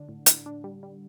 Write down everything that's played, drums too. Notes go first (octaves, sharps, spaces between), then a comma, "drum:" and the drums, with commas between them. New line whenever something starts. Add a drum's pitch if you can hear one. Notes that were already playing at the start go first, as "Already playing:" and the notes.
Already playing: D3 D4
A2
A2, drum: hi-hat
D4
G3
G3